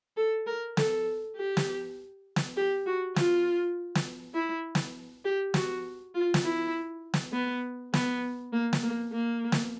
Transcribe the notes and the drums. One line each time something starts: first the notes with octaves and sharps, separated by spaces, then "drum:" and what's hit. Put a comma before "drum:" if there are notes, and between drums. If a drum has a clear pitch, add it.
A4
A#4
A4, drum: snare
G4
drum: snare
drum: snare
G4
F#4
F4, drum: snare
drum: snare
E4
drum: snare
G4
F#4, drum: snare
F4
drum: snare
E4
drum: snare
B3
B3, drum: snare
A#3
drum: snare
A#3
A#3
drum: snare